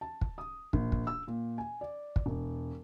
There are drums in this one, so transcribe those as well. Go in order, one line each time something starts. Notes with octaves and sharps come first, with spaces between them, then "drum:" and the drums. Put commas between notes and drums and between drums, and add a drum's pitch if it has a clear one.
A5
drum: kick
D#6
A#1, drum: kick
drum: kick
E6
A#2
G#5
D5
drum: kick
E1